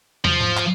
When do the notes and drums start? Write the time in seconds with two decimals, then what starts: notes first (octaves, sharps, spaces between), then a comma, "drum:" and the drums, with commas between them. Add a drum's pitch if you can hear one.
0.25 F3, drum: tom
0.41 drum: tom G#2
0.57 drum: clap